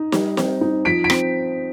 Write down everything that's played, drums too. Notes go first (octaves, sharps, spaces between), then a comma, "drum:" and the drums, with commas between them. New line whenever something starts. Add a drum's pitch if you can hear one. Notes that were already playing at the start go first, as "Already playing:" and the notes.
Already playing: D#4
G3, drum: snare
C4, drum: snare
D#4
F3 B6 D7
B6 D7
C4, drum: rim click